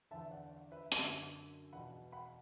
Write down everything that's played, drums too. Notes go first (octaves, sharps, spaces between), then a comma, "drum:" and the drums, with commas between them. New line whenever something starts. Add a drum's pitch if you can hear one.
E2 D3 E5 A5
D5 F#5
D5
B4 E5
F#2 D3 E5 A5, drum: hi-hat
E2 B2 F#5 B5
F#5 B5